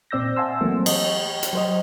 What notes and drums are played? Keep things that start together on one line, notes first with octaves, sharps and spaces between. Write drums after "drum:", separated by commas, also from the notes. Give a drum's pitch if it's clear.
A#2 C4 D5 E6 G6 A#6
E5 F#5 G#5 A5 C6 E6
E3 F#3 A3 A#3 C4
D#5, drum: cymbal
drum: hi-hat
F#3 C5 D#5